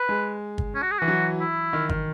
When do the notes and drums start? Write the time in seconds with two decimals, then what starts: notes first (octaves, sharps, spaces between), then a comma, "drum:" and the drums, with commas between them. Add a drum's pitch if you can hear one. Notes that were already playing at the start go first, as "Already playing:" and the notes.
Already playing: B4
0.09 G#3
0.58 drum: kick G1
0.75 C#4
0.82 F#4
0.91 G#4
0.98 E3 F#4
1.08 F#3
1.40 E4
1.73 D#3
1.89 D#3, drum: kick G1